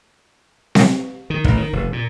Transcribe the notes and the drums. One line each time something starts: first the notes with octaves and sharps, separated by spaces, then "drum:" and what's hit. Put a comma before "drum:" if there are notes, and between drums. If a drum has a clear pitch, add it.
drum: snare C4
D#3
A1, drum: kick
D#3
F1
A#2